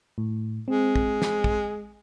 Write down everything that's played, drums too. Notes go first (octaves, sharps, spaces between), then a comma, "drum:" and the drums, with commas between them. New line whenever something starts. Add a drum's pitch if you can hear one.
A2
G#3 C4
drum: kick
drum: snare
drum: kick